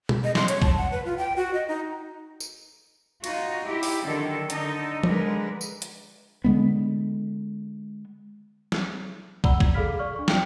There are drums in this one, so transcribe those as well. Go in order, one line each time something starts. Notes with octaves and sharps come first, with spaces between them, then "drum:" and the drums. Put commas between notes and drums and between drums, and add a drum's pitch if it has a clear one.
drum: tom B2
D#5
C6, drum: snare
C#5, drum: hi-hat
A5, drum: kick
F#5
B4
F4
G5
F#4
D#5
D#4
drum: tambourine
D#4 F4 F#4, drum: cymbal
E4 G4
drum: open hi-hat
D3 D#3 F#3 A4
D3 D#4 A4 D#5, drum: hi-hat
D3 G#3 A#4 B4, drum: tom F3
drum: tambourine
drum: hi-hat
D3 G#3 B3
drum: snare
D5 F#5 A#5 B5 E6 G7, drum: kick
G#6, drum: kick
G#4 A4 F5 B5 F6 B6
D5 C#6 F6
D4 C#6
F4 G5 F6, drum: snare